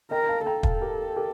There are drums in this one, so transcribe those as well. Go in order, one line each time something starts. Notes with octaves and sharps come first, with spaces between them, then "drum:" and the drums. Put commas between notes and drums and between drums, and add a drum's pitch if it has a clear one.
A#4 D#5 G5
F5 A5
A4 G5 A#5
F5 A5, drum: kick
G4 A#4
G4 A#4